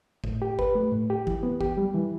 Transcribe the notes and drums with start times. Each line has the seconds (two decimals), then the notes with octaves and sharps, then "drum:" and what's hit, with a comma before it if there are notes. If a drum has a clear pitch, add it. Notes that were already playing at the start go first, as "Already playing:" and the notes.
0.24 A2, drum: kick
0.42 G4
0.59 B4, drum: kick
0.75 A3
0.92 A2
1.10 G4
1.27 E3, drum: kick
1.43 B3
1.61 G4, drum: kick
1.78 G3
1.94 E3